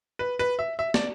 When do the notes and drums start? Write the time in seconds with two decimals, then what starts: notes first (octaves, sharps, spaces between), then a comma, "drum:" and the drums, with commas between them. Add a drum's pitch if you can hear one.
0.19 B4
0.39 B4
0.59 E5
0.79 E5
0.94 D5, drum: snare